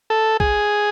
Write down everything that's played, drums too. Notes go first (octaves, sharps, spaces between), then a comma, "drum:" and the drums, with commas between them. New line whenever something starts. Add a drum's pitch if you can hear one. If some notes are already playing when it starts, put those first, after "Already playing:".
A4
G#4, drum: kick